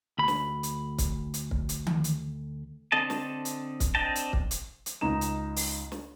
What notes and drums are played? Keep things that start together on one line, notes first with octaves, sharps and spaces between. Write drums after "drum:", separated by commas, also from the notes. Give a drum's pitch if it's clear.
D2 B5
drum: snare
drum: hi-hat
drum: kick, hi-hat
drum: hi-hat
drum: kick
drum: hi-hat
drum: tom D#3
drum: hi-hat
D3 C4 A4 D#5 A5
drum: snare
drum: hi-hat
drum: kick, hi-hat
C4 D4 D#5 G5 A5
drum: hi-hat
drum: kick
drum: hi-hat
drum: hi-hat
C#2 D#4 A#5 E7
drum: hi-hat
drum: open hi-hat
drum: snare